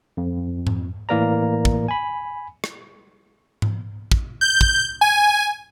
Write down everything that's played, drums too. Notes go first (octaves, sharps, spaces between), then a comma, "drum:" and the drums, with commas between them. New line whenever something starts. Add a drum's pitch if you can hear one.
F2
drum: tom G#2
A2 E3 A#3 A#4 D5 A#5
drum: kick
G#5 B5
drum: rim click
drum: tom G#2
drum: kick
G6
drum: kick
G#5